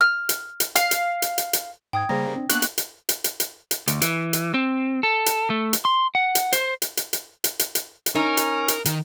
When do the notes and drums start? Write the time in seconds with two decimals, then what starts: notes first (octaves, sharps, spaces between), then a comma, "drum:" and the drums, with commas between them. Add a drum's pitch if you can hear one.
0.01 F6
0.29 drum: hi-hat
0.60 drum: hi-hat
0.76 F5, drum: hi-hat
0.91 drum: hi-hat
1.22 drum: hi-hat
1.38 drum: hi-hat
1.53 drum: hi-hat
1.93 G#2 G5 D#6 G#6
2.09 C#3 G3 A#3 G#4 C5 A#5 A#6
2.36 C4 D4
2.49 A#3 B3 D4 C#6 F#6, drum: hi-hat
2.62 drum: hi-hat
2.78 drum: hi-hat
3.09 drum: hi-hat
3.24 drum: hi-hat
3.40 drum: hi-hat
3.71 drum: hi-hat
3.88 D2, drum: hi-hat
4.02 E3, drum: hi-hat
4.33 drum: hi-hat
4.54 C4
5.03 A4
5.26 drum: hi-hat
5.50 A3
5.73 drum: hi-hat
5.85 C6
6.15 F#5
6.35 drum: hi-hat
6.53 C5, drum: hi-hat
6.82 drum: hi-hat
6.97 drum: hi-hat
7.13 drum: hi-hat
7.44 drum: hi-hat
7.59 drum: hi-hat
7.75 drum: hi-hat
8.06 drum: hi-hat
8.15 C#4 D#4 A#4
8.37 drum: hi-hat
8.68 drum: hi-hat
8.85 D#3, drum: hi-hat